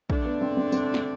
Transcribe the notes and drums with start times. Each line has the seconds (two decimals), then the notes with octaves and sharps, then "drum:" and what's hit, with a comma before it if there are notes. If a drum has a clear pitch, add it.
0.10 D3 A3 D4, drum: kick
0.25 B3
0.41 C4
0.57 C4
0.72 C4, drum: tambourine
0.94 drum: snare